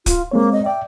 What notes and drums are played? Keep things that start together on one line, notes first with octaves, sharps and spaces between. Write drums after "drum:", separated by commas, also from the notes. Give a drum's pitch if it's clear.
F4, drum: kick, hi-hat
G#3 A#3 C4 C#5
D#5
D5 E5 G5